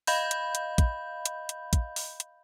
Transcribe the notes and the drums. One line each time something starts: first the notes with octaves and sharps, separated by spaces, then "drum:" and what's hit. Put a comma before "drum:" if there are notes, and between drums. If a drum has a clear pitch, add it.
D#5 F5 B5 G6, drum: open hi-hat
drum: hi-hat
drum: hi-hat
drum: kick, hi-hat
drum: hi-hat
drum: hi-hat
drum: kick, hi-hat
drum: open hi-hat
drum: hi-hat